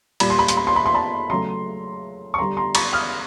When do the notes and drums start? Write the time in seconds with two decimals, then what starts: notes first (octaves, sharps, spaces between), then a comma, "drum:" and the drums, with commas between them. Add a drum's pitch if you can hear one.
0.20 A#2 G3 B5, drum: cymbal
0.30 C6
0.39 B5
0.48 C6, drum: hi-hat
0.57 B5
0.67 C6
0.76 B5
0.86 C6
0.94 A5 B5
1.30 C#3 F#3 A3 A#5 C6
2.34 C#6
2.38 D3 G3 A#5 C6
2.57 A#5 C6
2.75 B5 C#6, drum: cymbal
2.93 D#6 F6